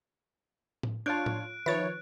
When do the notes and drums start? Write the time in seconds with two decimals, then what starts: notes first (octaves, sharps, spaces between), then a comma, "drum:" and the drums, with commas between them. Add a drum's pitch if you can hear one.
0.83 drum: tom A2
1.06 D4 F4 C#5 F5 A5 F#6 G6 D7
1.26 drum: tom A2
1.66 D#3 F3 B4 C#5 E5 B5 A6